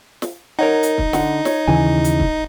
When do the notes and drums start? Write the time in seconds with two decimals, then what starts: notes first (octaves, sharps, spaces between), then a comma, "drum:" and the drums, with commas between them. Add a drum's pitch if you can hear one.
0.22 drum: snare
0.59 D#4 A#4 C#5 F#5
0.83 drum: hi-hat
0.98 drum: kick
1.13 D3 F#5, drum: snare
1.45 C#5, drum: snare
1.68 D#2 C#3 E3 G#5
2.04 drum: hi-hat
2.20 drum: kick